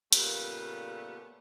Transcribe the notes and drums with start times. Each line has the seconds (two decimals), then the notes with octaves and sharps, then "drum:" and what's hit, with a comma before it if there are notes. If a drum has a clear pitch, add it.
0.13 A#2 C#3 G3 A3 B3, drum: hi-hat